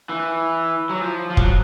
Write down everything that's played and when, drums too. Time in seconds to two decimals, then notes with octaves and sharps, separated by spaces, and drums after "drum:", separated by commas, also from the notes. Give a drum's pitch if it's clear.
0.09 E3
0.89 F#3
1.01 F3
1.30 F3
1.37 F#3, drum: kick